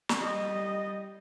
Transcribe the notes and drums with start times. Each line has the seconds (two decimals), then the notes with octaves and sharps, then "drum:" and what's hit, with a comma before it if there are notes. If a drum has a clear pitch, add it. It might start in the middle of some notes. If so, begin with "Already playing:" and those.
0.09 drum: snare
0.20 G3 D#5